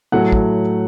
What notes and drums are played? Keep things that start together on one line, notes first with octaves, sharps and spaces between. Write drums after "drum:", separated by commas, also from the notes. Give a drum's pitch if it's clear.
A2 F#3 A3 F#5
drum: kick